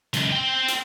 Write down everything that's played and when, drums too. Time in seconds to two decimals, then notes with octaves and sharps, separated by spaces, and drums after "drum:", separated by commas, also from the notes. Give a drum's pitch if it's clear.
0.13 C#2 F#2, drum: hi-hat
0.32 C4 G5
0.68 drum: hi-hat